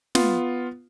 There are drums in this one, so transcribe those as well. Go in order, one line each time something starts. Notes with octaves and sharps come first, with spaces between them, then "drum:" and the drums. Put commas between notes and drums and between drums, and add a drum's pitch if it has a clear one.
B3 F4, drum: snare